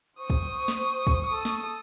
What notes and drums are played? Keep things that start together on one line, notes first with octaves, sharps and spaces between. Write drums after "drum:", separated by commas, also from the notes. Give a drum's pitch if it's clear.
C5 C#6 D#6
drum: kick, hi-hat
drum: snare
drum: kick, hi-hat
A4 D#6
drum: snare